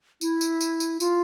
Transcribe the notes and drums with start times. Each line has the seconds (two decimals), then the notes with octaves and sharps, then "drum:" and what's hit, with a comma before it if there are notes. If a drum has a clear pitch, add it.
0.21 E4, drum: tambourine
0.41 drum: tambourine
0.61 drum: tambourine
0.80 drum: tambourine
1.00 F4, drum: tambourine